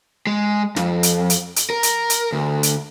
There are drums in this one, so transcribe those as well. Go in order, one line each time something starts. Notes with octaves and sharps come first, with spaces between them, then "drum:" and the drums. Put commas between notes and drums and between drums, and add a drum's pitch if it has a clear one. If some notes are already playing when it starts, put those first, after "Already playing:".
G#3
F2, drum: snare
drum: hi-hat
drum: hi-hat
drum: hi-hat
A#4
drum: hi-hat
drum: hi-hat
D2
drum: hi-hat